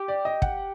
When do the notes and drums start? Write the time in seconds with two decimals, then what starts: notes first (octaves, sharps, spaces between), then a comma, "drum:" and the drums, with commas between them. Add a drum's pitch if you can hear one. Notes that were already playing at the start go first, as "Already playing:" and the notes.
Already playing: G4
0.08 D5
0.25 D#5
0.42 F#5, drum: kick